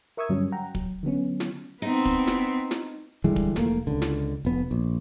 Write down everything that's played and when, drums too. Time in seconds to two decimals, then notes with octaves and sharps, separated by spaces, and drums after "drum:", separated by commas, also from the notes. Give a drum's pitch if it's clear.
0.17 A#4 E5 C#6 D#6 E6 G#6
0.29 G2 D3 F#3 G3 C#4
0.52 F#5 G5 A#5
0.75 F#3, drum: kick
1.03 D3 F#3 B3 C#4
1.40 drum: snare
1.82 B3 C4 D#4
2.05 drum: kick
2.27 drum: snare
2.71 drum: snare
3.24 D3 E3 G3 G#3
3.36 drum: kick
3.56 F1 A3 A#3, drum: snare
3.87 C#2 D3
4.02 drum: snare
4.45 F1 B3
4.71 A#1